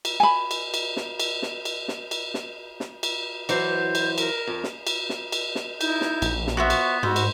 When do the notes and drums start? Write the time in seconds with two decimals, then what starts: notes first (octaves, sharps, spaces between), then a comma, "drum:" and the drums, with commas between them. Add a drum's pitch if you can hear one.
0.05 drum: cymbal
0.20 G#5 B5
0.51 drum: cymbal
0.74 drum: cymbal
0.97 drum: snare
1.20 drum: cymbal
1.42 drum: snare
1.65 drum: cymbal
1.88 drum: snare
2.11 drum: cymbal
2.34 drum: snare
2.80 drum: snare
3.03 drum: cymbal
3.49 E3 F#3 C5 G6, drum: cymbal
3.95 drum: cymbal
4.18 A#4, drum: cymbal
4.47 F2
4.64 drum: snare
4.87 drum: cymbal
5.09 drum: snare
5.32 drum: cymbal
5.55 drum: snare
5.81 D#4 E4 G6, drum: cymbal
6.01 drum: snare
6.22 A#1, drum: cymbal
6.47 drum: snare
6.57 B3 F#4 C5 E5 C#6
6.70 drum: cymbal
7.03 G#2 F#4 C5 B5 E6
7.16 drum: cymbal